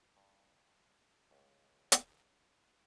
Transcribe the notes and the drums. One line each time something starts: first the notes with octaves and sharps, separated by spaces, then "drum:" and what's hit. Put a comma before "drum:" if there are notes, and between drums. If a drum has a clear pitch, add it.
G2
C#2
drum: hi-hat